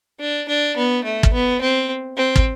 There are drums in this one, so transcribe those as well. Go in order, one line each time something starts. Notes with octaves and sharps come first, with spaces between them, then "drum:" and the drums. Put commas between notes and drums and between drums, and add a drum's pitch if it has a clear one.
D4
D4
B3
A3
drum: kick
B3
C4
C4
drum: kick